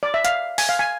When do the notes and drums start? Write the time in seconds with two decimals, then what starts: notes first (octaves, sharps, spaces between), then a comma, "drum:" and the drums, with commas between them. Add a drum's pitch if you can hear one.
0.03 D5
0.14 E5
0.25 F5, drum: hi-hat
0.58 G#5, drum: open hi-hat
0.69 F5
0.79 G#5